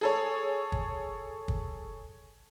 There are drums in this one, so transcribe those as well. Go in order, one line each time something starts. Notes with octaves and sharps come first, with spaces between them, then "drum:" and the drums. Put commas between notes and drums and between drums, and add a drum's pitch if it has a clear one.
G#4 A4 C#5
drum: kick
drum: kick